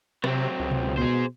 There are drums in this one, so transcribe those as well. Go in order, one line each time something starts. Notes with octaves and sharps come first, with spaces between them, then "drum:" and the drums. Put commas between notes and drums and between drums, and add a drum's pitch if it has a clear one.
C3 F#3 C4, drum: rim click
C#2
drum: tom B2
B2 G#4 C5